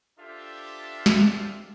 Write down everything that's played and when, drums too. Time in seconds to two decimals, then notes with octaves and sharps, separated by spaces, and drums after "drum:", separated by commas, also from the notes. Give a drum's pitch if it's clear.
0.19 D4 F4 G4 A4 C5 E5
1.06 drum: snare